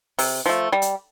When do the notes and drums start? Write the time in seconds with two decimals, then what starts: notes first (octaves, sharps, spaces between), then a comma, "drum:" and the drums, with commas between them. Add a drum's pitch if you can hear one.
0.19 C3, drum: open hi-hat
0.46 F3 A3
0.72 G3
0.82 drum: hi-hat